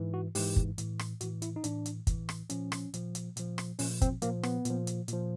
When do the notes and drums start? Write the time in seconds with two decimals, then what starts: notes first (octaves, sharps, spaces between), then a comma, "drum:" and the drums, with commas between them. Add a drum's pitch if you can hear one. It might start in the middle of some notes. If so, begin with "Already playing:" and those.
Already playing: G#2 E3
0.14 F#4
0.35 G#2 E3 G4, drum: open hi-hat
0.56 drum: kick
0.78 A2 E3, drum: hi-hat
0.99 drum: rim click
1.21 A2 E3 F#4, drum: hi-hat
1.42 E4, drum: hi-hat
1.56 D#4
1.64 A2 E3 D4, drum: hi-hat
1.86 drum: hi-hat
2.07 A2 E3, drum: kick, hi-hat
2.29 drum: rim click
2.50 A#2 F3 C#4, drum: hi-hat
2.72 drum: rim click
2.94 A#2 F3, drum: hi-hat
3.15 drum: hi-hat
3.37 A#2 F3, drum: hi-hat
3.58 drum: rim click
3.79 A#2 F3 C#4, drum: open hi-hat
4.02 C4, drum: kick, hi-hat
4.22 A#2 F3 A#3, drum: hi-hat
4.43 B3, drum: rim click
4.65 A#2 F3, drum: hi-hat
4.87 drum: hi-hat
5.08 A#2 F3, drum: hi-hat